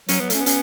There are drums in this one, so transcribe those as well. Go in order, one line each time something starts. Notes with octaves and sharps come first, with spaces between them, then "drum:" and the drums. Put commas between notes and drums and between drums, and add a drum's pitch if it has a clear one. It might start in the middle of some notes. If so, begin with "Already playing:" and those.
F#3 C#4, drum: hi-hat
F#3 B3
A3 C#4, drum: hi-hat
B3
C#4, drum: hi-hat